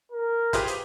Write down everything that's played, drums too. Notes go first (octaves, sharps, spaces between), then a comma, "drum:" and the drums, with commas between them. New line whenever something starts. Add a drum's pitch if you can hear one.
A#4
F4 G4 G#4 B4 C5, drum: kick, hi-hat
drum: hi-hat